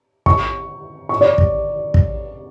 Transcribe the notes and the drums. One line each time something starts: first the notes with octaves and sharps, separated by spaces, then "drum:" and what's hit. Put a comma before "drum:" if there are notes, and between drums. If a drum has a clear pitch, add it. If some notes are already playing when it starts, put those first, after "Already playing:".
C#6, drum: kick
C#6
D5
drum: kick
drum: kick